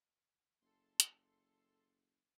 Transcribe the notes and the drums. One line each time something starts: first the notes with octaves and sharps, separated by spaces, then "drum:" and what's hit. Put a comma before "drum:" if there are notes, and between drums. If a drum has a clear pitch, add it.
F#1 A4 C6
drum: hi-hat